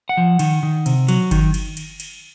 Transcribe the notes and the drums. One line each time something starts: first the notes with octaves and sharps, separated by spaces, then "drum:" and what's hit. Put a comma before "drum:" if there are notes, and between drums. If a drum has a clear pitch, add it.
F#5
F3
D#3, drum: cymbal
D#3
C3, drum: cymbal
F#3, drum: cymbal
D#3, drum: kick G1, cymbal
drum: cymbal
drum: cymbal
drum: cymbal